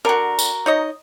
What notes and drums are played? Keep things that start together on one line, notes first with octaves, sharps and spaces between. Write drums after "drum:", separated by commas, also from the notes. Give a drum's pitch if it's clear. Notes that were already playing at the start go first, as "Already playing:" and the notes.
D3 F#4 A#4
drum: tambourine
D#4 C#5 D#5